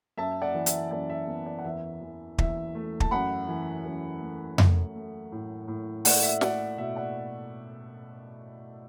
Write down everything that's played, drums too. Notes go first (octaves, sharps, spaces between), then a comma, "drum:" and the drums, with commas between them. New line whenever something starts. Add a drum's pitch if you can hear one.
F#2 E5 A5
D5 F#5
E3
E5, drum: hi-hat
F#2 D5
E5
B3
D5
F#5
E2 E5
E3
E2 E5, drum: kick
A3
A5, drum: kick
F#2 F#5 B5
E3
F#2
A3
A3, drum: tom F2
A3
A2
A2
A3 D5 F#5, drum: open hi-hat
E5
A3 D5 F#5, drum: snare
B2 E5
D5 F#5